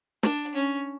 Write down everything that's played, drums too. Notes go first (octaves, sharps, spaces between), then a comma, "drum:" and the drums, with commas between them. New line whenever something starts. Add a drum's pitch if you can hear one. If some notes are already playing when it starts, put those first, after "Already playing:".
D4, drum: snare
C#4